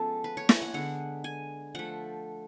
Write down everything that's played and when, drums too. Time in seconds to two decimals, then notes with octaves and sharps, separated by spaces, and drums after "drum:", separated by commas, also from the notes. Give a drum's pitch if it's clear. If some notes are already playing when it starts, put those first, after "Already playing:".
Already playing: F3 G#3 B3 C#4 A4
0.24 B4
0.37 C#5
0.49 G#5, drum: snare
0.62 F#5
0.74 D3 G#3 B3 F#5
1.24 G#5
1.75 F3 A3 F#5